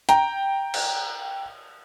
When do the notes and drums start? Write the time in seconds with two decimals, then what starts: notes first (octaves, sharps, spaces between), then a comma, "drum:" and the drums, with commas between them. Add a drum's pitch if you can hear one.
0.09 G5 A#5, drum: hi-hat
0.74 drum: cymbal